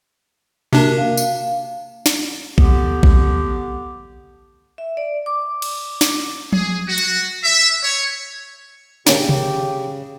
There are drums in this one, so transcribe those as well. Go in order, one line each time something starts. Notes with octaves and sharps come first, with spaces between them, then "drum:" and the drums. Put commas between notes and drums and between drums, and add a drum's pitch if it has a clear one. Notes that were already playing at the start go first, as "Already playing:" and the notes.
C3 A#3 D4 F#4 A#4
F5
drum: tambourine
drum: snare
D3 B3 G4, drum: kick A#1
drum: kick A#1
E5
D5
D6
drum: cymbal
drum: snare
G#4, drum: tom F3
F#4
drum: hi-hat
E5
C#5
C#3 A#3 C#4 D4 G4, drum: snare
drum: tom C3